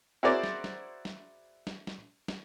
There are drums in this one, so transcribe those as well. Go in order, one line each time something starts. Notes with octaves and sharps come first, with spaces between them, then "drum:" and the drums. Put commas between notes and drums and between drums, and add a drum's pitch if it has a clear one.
E4 F#4 G#4 A#4 C5 D5
drum: snare
drum: snare
drum: snare
drum: snare
drum: snare
drum: snare